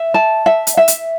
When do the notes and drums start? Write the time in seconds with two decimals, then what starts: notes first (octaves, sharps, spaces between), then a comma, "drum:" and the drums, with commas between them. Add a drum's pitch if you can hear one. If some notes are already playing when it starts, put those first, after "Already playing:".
Already playing: E5
0.14 A5
0.46 E5
0.67 drum: hi-hat
0.77 E5
0.88 drum: hi-hat